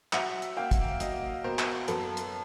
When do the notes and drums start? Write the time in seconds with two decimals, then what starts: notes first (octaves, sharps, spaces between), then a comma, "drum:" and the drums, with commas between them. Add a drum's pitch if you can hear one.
0.13 F#3 E5 F#5, drum: clap
0.42 drum: hi-hat
0.57 A#3 F5 G5
0.71 drum: kick, hi-hat
1.00 F#3 D#5 F5, drum: hi-hat
1.44 B2 A#4 C5
1.59 drum: clap
1.88 F#2 A4 B4, drum: hi-hat
2.17 drum: hi-hat